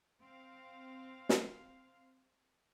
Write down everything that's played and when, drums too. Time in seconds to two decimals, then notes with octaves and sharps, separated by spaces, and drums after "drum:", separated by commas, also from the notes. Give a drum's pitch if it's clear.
0.20 C4 F5
1.29 drum: snare